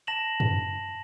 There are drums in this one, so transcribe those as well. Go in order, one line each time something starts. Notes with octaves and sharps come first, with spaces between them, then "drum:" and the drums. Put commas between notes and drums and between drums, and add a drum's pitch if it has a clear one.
A5 A#6 E7 F#7
drum: tom F#2